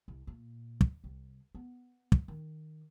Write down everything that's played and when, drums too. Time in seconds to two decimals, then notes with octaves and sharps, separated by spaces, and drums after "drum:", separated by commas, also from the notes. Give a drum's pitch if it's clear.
0.08 C2
0.27 A#2
0.81 drum: kick
1.04 C2
1.55 B3
2.12 drum: kick
2.28 D#3